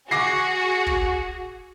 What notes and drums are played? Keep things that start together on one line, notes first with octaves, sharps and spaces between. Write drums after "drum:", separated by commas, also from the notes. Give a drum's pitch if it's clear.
F#4 G#4 D6 A#6 C7
drum: kick